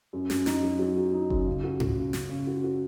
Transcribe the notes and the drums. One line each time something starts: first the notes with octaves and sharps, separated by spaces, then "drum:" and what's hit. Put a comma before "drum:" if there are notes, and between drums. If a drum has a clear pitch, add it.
F#2
F#2, drum: snare
D#4, drum: snare
F#3
F#3
F#4
D#4
F#2, drum: kick F#1
C#3
F#4
F#4, drum: tom G#2
C#3
C#3, drum: snare
C#3
F#4
F#4